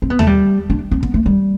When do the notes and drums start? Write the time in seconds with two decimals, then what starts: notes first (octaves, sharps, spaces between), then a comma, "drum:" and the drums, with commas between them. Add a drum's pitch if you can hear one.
0.02 C4
0.10 B3
0.19 A3, drum: tom D#2
0.27 G3
0.70 D4
0.91 C4
1.03 B3, drum: kick
1.14 A3
1.26 G3